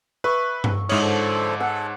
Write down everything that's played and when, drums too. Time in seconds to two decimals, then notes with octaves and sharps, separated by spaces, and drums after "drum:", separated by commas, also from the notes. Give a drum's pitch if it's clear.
0.24 B4 E5 C#6
0.64 drum: tom G2
0.89 G#2 E4 C#5 D#6 F6, drum: cymbal
1.01 D3 F3 A4
1.60 A4 F#5 G#5